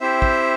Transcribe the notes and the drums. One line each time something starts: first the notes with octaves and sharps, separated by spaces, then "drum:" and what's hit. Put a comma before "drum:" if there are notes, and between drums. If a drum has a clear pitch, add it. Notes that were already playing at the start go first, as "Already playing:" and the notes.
C4 E4 G4 C5 E5
drum: kick